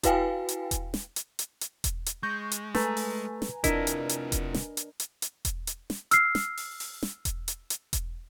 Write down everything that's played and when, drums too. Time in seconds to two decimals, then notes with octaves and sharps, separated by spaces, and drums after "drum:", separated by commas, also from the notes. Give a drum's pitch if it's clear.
0.03 E4 F#4 B4 F5 G5 G#5, drum: kick E1, hi-hat
0.49 drum: hi-hat
0.71 drum: kick E1, hi-hat
0.94 drum: snare
1.16 drum: hi-hat
1.39 drum: hi-hat
1.61 drum: hi-hat
1.84 drum: kick E1, hi-hat
2.06 drum: hi-hat
2.23 G#3 C#6 G6 A#6
2.51 drum: hi-hat
2.75 A3 B4 G#5 A#5, drum: snare
2.97 drum: open hi-hat
3.42 drum: snare
3.64 C3 D4 E4 F4 A#4 D#5, drum: kick E1, hi-hat
3.87 drum: hi-hat
4.09 drum: hi-hat
4.32 drum: kick E1, hi-hat
4.54 drum: snare
4.77 drum: hi-hat
5.00 drum: hi-hat
5.22 drum: hi-hat
5.45 drum: kick E1, hi-hat
5.67 drum: hi-hat
5.90 drum: snare
6.11 E6 F6 C7, drum: hi-hat
6.35 drum: snare
6.57 drum: open hi-hat
6.80 drum: open hi-hat
7.03 drum: snare
7.25 drum: kick E1, hi-hat
7.48 drum: hi-hat
7.70 drum: hi-hat
7.93 drum: kick E1, hi-hat